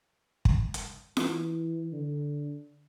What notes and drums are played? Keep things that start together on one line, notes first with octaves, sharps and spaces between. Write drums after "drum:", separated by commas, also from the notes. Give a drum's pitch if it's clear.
drum: kick
drum: hi-hat
E3, drum: snare F4
D3